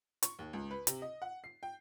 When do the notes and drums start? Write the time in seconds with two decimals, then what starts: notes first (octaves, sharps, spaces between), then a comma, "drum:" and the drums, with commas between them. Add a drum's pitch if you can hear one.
0.23 C#6, drum: hi-hat
0.39 D#2
0.53 C#2
0.71 B4
0.87 C3, drum: hi-hat
1.02 D#5
1.22 F#5
1.44 C7
1.63 G5